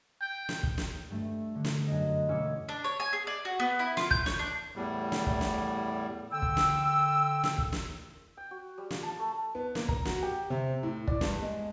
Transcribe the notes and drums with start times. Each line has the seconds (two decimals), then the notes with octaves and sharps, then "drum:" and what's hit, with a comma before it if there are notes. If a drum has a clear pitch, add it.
0.21 G5
0.49 drum: snare
0.63 drum: kick
0.78 drum: snare
1.10 G2 A3
1.55 D3
1.64 drum: snare
1.87 F#2 D#5
2.29 E1 C#4 C#5 D6 E6 F6
2.69 D4
2.84 C#5
3.00 G#5
3.13 G#4
3.27 D5
3.45 F#4
3.60 B3
3.79 E4
3.97 F4, drum: snare
4.11 G6, drum: kick
4.26 C#5, drum: snare
4.39 D4
4.76 E2 A2 G3
5.12 drum: snare
5.26 drum: kick
5.41 drum: snare
6.32 D3 G5 E6
6.42 drum: kick
6.57 drum: snare
7.44 drum: snare
7.58 drum: kick
7.72 drum: snare
8.37 G5
8.51 F#4
8.78 G3
8.91 F4, drum: snare
9.03 A5
9.19 A3
9.55 B3
9.75 A#3, drum: snare
9.88 A#5, drum: kick
10.05 F#4, drum: snare
10.23 G4
10.50 C3
10.83 A2
11.07 D5, drum: kick
11.21 G2, drum: snare
11.42 G#3